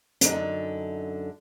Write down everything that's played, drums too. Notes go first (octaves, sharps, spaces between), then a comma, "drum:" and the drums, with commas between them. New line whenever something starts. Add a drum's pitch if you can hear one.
F#2 D3 D#4, drum: hi-hat